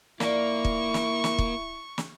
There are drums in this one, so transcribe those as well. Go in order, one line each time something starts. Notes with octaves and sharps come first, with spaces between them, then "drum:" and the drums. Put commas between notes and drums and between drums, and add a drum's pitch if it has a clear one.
F2 A#3 E4 D5 C#6, drum: snare
drum: kick
drum: snare
drum: snare
drum: kick
drum: snare